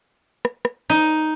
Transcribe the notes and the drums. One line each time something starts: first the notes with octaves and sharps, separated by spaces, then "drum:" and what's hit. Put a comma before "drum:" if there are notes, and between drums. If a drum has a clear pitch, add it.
drum: rim click
drum: rim click
D#4